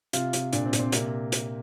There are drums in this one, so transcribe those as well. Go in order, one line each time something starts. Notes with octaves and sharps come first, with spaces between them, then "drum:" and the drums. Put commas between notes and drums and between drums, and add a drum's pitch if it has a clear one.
C3 F4, drum: hi-hat
C3, drum: hi-hat
A#2 D4, drum: hi-hat
C4
A#2, drum: hi-hat
C4
C3 A#3, drum: hi-hat
drum: hi-hat